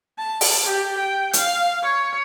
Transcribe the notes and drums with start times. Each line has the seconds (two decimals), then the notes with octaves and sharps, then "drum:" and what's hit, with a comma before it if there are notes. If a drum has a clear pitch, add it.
0.18 A5
0.41 drum: open hi-hat
0.65 G4
0.98 G5
1.33 F5, drum: hi-hat
1.82 C#5